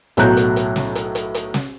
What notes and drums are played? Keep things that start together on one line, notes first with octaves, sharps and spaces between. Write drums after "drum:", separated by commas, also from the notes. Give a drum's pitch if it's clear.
B1 A2 F#3 A#5 F#6 G6, drum: hi-hat
drum: hi-hat
drum: hi-hat
drum: snare
drum: hi-hat
drum: hi-hat
drum: hi-hat
drum: snare